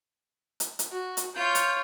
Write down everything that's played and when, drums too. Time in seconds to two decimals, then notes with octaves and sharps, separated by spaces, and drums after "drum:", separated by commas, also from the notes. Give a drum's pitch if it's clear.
0.60 drum: hi-hat
0.79 drum: hi-hat
0.92 F#4
1.17 drum: hi-hat
1.36 F4 C#5 G6
1.55 drum: hi-hat